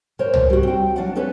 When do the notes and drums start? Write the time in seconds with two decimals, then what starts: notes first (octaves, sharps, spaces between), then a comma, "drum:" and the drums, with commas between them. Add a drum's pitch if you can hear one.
0.19 A#4 C5 C#5
0.34 drum: tom C2
0.50 G3 F#4
0.63 C4 G5
0.96 F#3 D4 D5 F5 F#5
1.15 C4 C#4 A4 B4 C#5